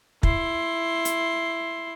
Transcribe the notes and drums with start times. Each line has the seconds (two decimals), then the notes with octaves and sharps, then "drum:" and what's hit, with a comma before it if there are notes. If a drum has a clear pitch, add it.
0.23 E4 C6, drum: kick
1.05 drum: hi-hat